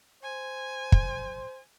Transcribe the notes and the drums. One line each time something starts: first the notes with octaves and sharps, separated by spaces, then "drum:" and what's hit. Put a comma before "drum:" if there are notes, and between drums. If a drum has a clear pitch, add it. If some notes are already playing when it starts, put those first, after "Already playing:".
C5 G#5
drum: kick